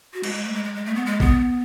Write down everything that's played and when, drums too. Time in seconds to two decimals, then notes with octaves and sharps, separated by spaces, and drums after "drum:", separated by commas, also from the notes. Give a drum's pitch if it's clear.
0.14 F#4
0.23 G#3, drum: cymbal
0.34 G#3
0.44 A3
0.54 G#3
0.64 G#3
0.75 G#3
0.85 A3
0.95 B3
1.06 G#3
1.20 B3, drum: kick A1